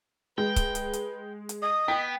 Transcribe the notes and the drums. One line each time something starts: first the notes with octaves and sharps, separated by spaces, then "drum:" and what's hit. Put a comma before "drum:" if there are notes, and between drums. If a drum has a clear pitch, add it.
G#3 B4 G5
drum: kick C#1, hi-hat
drum: hi-hat
drum: hi-hat
drum: hi-hat
D#5 D#6
B3 G5 B6